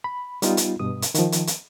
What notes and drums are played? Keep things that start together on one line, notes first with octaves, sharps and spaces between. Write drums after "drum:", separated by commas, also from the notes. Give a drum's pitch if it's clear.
B5
G3 B3 D#4 F4, drum: hi-hat
drum: hi-hat
G2 B2 D#6
drum: hi-hat
D#3 F3, drum: hi-hat
drum: hi-hat
drum: hi-hat